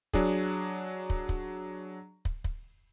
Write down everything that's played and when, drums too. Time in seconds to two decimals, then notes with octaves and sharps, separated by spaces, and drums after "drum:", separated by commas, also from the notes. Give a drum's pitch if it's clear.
0.13 F#3 D4 G#4, drum: kick
1.10 drum: kick
1.29 drum: kick
2.25 drum: kick
2.44 drum: kick